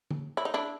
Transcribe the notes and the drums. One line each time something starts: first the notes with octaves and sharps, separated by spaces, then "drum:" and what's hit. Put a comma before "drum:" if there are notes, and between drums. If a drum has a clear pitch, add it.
drum: tom
E4
D#4
D4 E4